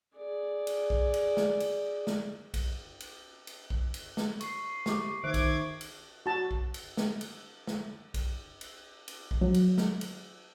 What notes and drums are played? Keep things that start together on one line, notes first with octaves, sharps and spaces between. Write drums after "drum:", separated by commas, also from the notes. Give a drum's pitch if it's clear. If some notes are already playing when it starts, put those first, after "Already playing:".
G#4 D5
drum: cymbal
drum: kick B1
drum: cymbal
drum: snare
drum: cymbal
drum: snare
drum: kick B1, cymbal
drum: cymbal
drum: cymbal
drum: kick B1
drum: cymbal
drum: snare
C#6 C7, drum: cymbal
G4 D6, drum: snare
D#3 C5 E5 D6 G#6 D7
drum: kick B1, cymbal
drum: cymbal
F#4 A5
drum: kick B1
drum: cymbal
drum: snare
drum: cymbal
drum: snare
drum: kick B1, cymbal
drum: cymbal
drum: cymbal
drum: kick B1
F#3
drum: cymbal
drum: snare
drum: cymbal